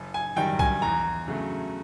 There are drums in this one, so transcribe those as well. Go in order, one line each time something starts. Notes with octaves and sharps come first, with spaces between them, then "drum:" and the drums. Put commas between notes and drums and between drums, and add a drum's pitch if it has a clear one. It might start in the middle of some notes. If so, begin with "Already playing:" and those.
Already playing: F#1
G#5
F#2 D#3 G3 G5
G#5, drum: kick B1
E2 A#5
C#3 F#3 A3